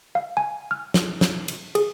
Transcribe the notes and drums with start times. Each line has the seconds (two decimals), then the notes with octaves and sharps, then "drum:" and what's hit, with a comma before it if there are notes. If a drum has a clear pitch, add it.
0.15 F5
0.37 G#5
0.71 F6
0.94 drum: snare
1.21 drum: snare
1.48 drum: cymbal
1.75 G#4, drum: cymbal